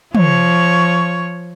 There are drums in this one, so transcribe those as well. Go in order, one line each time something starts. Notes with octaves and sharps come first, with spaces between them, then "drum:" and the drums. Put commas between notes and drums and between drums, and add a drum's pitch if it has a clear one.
F3 C#5, drum: tom